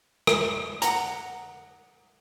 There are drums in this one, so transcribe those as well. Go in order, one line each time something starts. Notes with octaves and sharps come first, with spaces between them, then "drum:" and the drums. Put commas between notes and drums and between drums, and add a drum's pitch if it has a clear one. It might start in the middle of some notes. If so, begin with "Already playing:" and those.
drum: rim click
F#5 A#5, drum: hi-hat